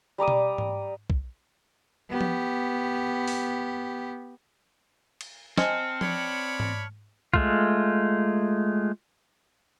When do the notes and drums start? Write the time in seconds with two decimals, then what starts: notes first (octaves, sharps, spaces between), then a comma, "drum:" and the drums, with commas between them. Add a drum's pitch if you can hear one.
0.18 G3 A#5 D6 D#6
0.28 drum: tom B2
0.58 drum: tom G#2
1.10 drum: kick
2.10 B3 G4
2.21 drum: tom F3
3.28 drum: open hi-hat
5.21 drum: cymbal
5.58 C4 C5 D#5 G#5 A5 F6 C#7, drum: snare
6.01 C#5 D5 B5, drum: tom F3
6.60 drum: tom G#2
7.34 G#3 A3 F4, drum: kick